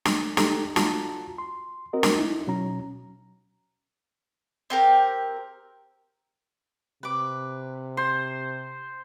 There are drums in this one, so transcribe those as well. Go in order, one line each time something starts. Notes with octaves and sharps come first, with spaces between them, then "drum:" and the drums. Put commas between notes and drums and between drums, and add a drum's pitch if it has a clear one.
drum: snare
D#4 G4 A4 A#5, drum: snare
F4 F#4 A5 A#5, drum: snare
C6
C4 F#4 A#4 D#5
drum: snare
D#4 E4
B2 F#3 C#4 A#5
C4 G4 A#4
C3 B4 D6
C5 C6